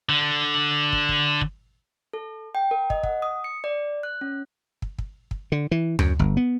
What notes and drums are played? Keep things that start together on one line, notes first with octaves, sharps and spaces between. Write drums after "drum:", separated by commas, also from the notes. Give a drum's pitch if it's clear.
D3
drum: kick
drum: kick
drum: kick
A4
G5
A#4
D#5, drum: kick
F#5, drum: kick
D#6
C#7
D5
F#6
C#4
drum: kick
drum: kick
drum: kick
D3
E3
F#2, drum: tom D2
G1
B3